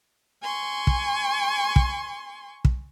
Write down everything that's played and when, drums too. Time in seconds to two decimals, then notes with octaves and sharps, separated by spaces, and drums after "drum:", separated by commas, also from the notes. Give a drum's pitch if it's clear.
0.43 G#5 C6 C#6
0.87 drum: kick
1.76 drum: kick
2.65 drum: kick